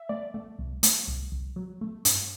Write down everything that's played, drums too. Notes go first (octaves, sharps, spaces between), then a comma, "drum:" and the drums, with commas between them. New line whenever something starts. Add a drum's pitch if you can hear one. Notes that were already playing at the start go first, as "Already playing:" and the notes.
Already playing: E5
A3 D5
A3
C2
A3, drum: hi-hat
C2
C2
F#3
A3
G2, drum: hi-hat